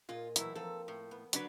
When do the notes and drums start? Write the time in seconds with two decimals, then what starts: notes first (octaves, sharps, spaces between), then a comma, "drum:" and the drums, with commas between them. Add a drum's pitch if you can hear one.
0.09 A#2 F4 G#4 D#5
0.36 A2 E3 F#3 E4, drum: hi-hat
0.55 F3 A#3 C4 A4
0.88 A2
1.11 B3
1.33 D3 F#3 D4 B4, drum: hi-hat